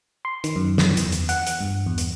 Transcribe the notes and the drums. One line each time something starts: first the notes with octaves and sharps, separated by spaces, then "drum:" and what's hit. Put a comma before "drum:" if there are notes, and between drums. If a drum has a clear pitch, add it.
C6
D#3, drum: hi-hat
F#2
drum: snare
E2, drum: hi-hat
drum: hi-hat
F#5, drum: hi-hat
drum: hi-hat
G2
E2
drum: hi-hat